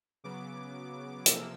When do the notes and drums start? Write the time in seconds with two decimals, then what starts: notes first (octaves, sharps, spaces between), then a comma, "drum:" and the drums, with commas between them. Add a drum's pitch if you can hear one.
0.24 C#3 F#3 B3 D6
1.26 C3 F3 A#3 E6, drum: hi-hat